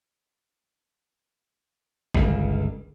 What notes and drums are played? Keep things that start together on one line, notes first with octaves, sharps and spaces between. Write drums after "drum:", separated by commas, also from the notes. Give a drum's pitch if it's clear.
G1 C#2, drum: kick